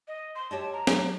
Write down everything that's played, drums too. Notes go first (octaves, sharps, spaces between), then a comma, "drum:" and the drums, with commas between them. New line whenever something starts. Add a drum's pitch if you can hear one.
D#5
C6
G4 C#5 D#5 A5
A#5
F#3 D4, drum: snare